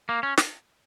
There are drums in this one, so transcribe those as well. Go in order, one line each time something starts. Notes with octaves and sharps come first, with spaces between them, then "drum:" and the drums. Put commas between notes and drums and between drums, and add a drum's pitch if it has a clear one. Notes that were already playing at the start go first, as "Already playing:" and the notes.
A#3
C#4
drum: snare